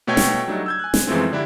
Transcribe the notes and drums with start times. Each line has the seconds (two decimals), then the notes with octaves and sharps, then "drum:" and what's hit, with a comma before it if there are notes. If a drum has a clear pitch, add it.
0.07 B2 A3 C#5 G5 G#6
0.17 drum: snare
0.48 F#3 G3 A3 D4 D#4
0.66 E6 G6 G#6
0.79 G#5 F#6
0.94 drum: snare
1.07 F#2 E3 F3 G#3 A3 C4
1.32 D3 D4 E4 G4